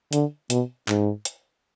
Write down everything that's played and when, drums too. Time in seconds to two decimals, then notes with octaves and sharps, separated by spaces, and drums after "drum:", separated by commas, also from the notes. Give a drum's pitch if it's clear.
0.13 D3, drum: hi-hat
0.50 B2, drum: hi-hat
0.88 G#2, drum: clap
1.25 drum: hi-hat